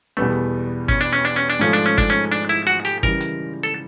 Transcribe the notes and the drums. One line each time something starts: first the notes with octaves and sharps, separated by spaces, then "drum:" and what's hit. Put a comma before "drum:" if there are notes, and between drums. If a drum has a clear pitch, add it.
E2 B2 G3 A3 B3
C#4, drum: kick
D4
C#4
D4
C#4
D4
G#2 F3 A3 C#4
D4
C#4
D4, drum: kick
C#4
D4
E4
F#4
G4, drum: hi-hat
C#3 E3 G3 A#4, drum: kick
drum: hi-hat
A4